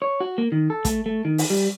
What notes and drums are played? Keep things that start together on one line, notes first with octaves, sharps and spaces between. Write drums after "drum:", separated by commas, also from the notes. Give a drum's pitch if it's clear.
C#5
F#4
A#3
D#3
A4
A3, drum: kick, hi-hat
A3
D#3
drum: open hi-hat
G3